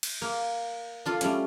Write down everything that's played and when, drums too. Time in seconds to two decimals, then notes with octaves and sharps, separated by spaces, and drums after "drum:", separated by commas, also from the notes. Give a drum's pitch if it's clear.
0.03 drum: cymbal
0.22 A#3
1.06 D4 F4 A4
1.21 G3 A3 C#4, drum: hi-hat